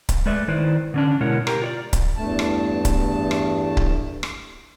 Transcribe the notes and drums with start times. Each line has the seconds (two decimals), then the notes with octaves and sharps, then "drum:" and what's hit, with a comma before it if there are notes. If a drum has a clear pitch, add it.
0.09 drum: kick C#1, hi-hat
0.26 G#3 A3 B4 D5 E5
0.48 D#3 E4 B4 C5 D5
0.94 D3 C#4 D4
1.20 B2 G#3 E4 A#4 C#5 F#5
1.47 G4 A#4, drum: rim click
1.62 F4 C#5 D5
1.93 drum: kick C#1, hi-hat
2.17 E2 G2 A3 A5
2.39 drum: rim click
2.85 drum: kick C#1, hi-hat
3.31 drum: rim click
3.77 drum: kick C#1
4.23 drum: rim click